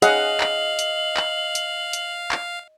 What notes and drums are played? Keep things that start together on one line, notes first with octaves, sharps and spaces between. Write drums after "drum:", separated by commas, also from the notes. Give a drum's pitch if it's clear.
G#4 C#5 D#5 F5 F#5 F#7, drum: hi-hat
drum: clap
drum: hi-hat
drum: clap
drum: hi-hat
drum: hi-hat
drum: clap